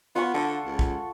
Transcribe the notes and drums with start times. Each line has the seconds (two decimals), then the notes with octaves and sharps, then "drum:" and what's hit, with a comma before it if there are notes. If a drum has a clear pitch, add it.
0.15 B3 F4 F#5 C#6
0.34 D3 A4
0.66 C#2
0.79 drum: kick